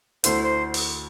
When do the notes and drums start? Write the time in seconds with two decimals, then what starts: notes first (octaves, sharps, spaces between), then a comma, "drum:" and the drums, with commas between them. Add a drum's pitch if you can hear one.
0.24 D2 D3 A3 E4 C5, drum: hi-hat
0.43 C5
0.74 drum: open hi-hat